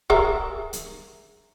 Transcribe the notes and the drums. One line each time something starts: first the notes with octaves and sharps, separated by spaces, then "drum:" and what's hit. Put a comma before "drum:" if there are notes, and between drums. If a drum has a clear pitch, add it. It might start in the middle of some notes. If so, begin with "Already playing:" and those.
G#4 A#4 E5, drum: kick
drum: hi-hat